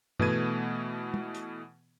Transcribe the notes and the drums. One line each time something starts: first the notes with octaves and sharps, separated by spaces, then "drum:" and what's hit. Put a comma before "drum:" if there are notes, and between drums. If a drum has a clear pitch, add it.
B2 E3 A3 B3 G#6 D#7, drum: tom G2
drum: tom
drum: hi-hat